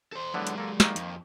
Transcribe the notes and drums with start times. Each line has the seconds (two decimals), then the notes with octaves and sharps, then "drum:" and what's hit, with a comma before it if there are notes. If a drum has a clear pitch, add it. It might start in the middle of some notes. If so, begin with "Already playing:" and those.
0.12 A4 C5
0.34 A2 D3 F#3 G#3 B3
0.47 drum: hi-hat
0.58 A#3 A4
0.80 D#3 A#3, drum: snare
0.96 F2, drum: hi-hat